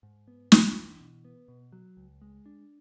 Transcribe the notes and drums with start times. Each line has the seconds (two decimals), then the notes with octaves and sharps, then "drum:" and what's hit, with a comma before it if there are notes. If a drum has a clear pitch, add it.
0.03 G#2
0.28 B3
0.52 D4, drum: snare
0.76 E3
1.00 B2
1.25 B3
1.48 B2
1.72 F#3
1.97 C#2
2.22 G#3
2.46 D4